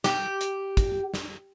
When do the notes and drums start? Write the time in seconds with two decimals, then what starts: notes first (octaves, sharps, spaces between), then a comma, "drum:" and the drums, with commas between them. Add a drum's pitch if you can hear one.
0.04 G4, drum: snare
0.41 drum: hi-hat
0.77 drum: kick, hi-hat
1.14 drum: snare